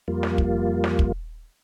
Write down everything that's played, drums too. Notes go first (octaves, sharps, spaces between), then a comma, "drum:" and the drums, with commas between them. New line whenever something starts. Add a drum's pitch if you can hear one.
F2 G3 A#3 F4
drum: snare
drum: kick
drum: snare
drum: kick